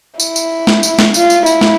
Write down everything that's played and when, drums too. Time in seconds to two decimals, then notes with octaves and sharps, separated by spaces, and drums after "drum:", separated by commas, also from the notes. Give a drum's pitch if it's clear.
0.20 E4, drum: tambourine
0.36 drum: tambourine
0.67 drum: snare
0.83 drum: tambourine
0.99 drum: snare
1.14 F4, drum: tambourine
1.30 drum: tambourine
1.46 E4, drum: tambourine
1.61 drum: snare